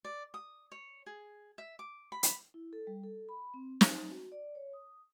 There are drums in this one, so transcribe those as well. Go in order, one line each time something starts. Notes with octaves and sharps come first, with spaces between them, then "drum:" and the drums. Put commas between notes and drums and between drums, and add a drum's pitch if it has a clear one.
D5
D#6
C#5
G#4
E5
D6
B5
drum: hi-hat
E4
A4
G3
A4
B5
C4
D#4, drum: snare
F#4
D5
C#5
D#6